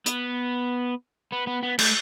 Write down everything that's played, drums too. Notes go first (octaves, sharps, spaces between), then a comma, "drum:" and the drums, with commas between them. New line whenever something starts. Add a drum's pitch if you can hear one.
B3, drum: hi-hat
B3
B3
B3
A3, drum: cymbal